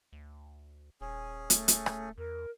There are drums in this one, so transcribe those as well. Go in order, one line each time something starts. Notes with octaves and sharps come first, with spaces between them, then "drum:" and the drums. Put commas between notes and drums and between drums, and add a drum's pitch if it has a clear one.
D2
D#1 C#4 G#4
A3, drum: hi-hat
drum: hi-hat
drum: rim click
E2 A#4